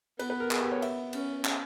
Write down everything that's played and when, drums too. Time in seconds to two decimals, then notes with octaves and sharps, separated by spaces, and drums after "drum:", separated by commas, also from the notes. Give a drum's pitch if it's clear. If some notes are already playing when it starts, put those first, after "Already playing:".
0.19 B3 B4, drum: cymbal
0.30 B4
0.40 A#4
0.51 G#4, drum: clap
0.61 G4
0.72 C#5
0.82 E5, drum: cymbal
1.13 C#4, drum: cymbal
1.45 drum: clap